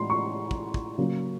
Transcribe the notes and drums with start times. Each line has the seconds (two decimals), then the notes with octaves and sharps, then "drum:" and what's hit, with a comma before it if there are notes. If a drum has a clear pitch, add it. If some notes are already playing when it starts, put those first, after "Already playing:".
Already playing: A2 E3 G#3 C6
0.10 C#6
0.51 drum: kick
0.74 drum: kick
0.98 C#3 F#3 A#3